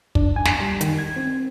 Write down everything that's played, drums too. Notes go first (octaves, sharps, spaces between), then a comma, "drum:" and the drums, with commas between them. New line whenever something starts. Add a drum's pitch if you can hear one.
D4, drum: kick
G#5
drum: snare
G3
D#3, drum: hi-hat
G#6
C4